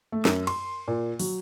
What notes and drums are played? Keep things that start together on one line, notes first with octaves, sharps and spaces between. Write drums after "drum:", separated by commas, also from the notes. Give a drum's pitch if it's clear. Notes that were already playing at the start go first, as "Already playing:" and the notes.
A3
F#2, drum: snare
C6, drum: cymbal
A#2
F#3, drum: open hi-hat